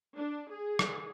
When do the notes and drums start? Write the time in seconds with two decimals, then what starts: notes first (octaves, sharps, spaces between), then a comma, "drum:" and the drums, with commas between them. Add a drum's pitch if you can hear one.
0.16 D4
0.51 G#4
0.79 drum: rim click